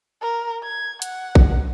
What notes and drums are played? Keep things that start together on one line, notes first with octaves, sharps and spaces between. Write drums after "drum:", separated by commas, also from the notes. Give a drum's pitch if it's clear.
A#4
G#6
F#5, drum: hi-hat
drum: kick A#1